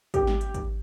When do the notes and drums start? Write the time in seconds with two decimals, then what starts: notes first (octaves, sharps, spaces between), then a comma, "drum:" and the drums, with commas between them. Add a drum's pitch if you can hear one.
0.14 G4, drum: kick G#1, hi-hat
0.27 drum: snare
0.41 drum: hi-hat
0.54 drum: kick G#1, hi-hat